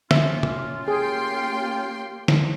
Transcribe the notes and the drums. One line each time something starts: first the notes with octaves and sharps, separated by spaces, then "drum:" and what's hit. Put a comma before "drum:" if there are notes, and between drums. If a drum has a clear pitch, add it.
C#4 F4 E5, drum: snare
drum: tom
A#3 G4 G#4 G5 C6
drum: snare